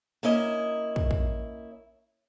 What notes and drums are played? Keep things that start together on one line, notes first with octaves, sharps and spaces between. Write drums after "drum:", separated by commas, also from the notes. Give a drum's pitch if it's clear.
A#3 C#4 E4 D#5 E5
drum: kick
drum: kick